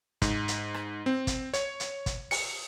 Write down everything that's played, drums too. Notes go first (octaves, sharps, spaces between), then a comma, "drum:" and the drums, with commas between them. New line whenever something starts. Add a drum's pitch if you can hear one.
G#2, drum: kick, hi-hat
drum: hi-hat
drum: rim click
C4
drum: kick, hi-hat
C#5, drum: hi-hat
drum: hi-hat
drum: kick, hi-hat
C#7, drum: open hi-hat